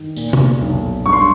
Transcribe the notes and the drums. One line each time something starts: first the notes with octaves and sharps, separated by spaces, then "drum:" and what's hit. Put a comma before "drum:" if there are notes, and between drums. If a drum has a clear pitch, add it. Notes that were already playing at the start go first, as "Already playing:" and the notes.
Already playing: G2 D#3
A#2, drum: tambourine
drum: tom
B1
G2 C#6
C6